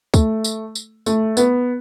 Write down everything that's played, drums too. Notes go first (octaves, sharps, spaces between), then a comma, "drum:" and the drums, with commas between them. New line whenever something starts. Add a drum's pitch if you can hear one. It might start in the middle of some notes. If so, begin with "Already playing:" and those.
A3, drum: kick, tambourine
drum: tambourine
drum: tambourine
A3, drum: tambourine
B3, drum: tambourine